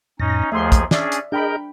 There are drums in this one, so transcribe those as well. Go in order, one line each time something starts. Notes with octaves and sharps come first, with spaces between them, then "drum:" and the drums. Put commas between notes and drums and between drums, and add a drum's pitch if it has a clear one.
F2 A2 C#4 D#4 A#6
D#2 F3 A3 G#4 E5 C6
drum: kick, hi-hat
C#4 D4 G#4 D5 E5 G#5, drum: snare
drum: hi-hat
D4 G#4 A#4 D#5 G5 B5 G6